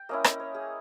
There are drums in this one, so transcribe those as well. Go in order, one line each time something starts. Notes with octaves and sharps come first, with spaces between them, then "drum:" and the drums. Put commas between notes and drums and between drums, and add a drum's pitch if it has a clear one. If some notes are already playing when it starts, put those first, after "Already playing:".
Already playing: G5
A#3 C#4 E4 D#5
D#5, drum: rim click
C#5
G#4